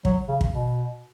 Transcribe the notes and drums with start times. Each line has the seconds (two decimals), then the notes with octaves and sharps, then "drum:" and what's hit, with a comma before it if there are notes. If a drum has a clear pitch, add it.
0.05 F#3, drum: kick
0.28 C#3
0.41 drum: kick
0.53 B2